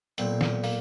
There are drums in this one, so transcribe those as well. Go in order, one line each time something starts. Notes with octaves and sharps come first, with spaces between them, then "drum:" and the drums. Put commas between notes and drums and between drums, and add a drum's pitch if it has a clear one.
B1 A#2 C4, drum: hi-hat
drum: snare
A#3, drum: open hi-hat